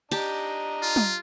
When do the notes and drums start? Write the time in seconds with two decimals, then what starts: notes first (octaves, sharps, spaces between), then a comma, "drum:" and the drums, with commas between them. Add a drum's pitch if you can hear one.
0.11 D4 G4 D#5 A5 A#5, drum: cymbal
0.82 F4
0.96 drum: tom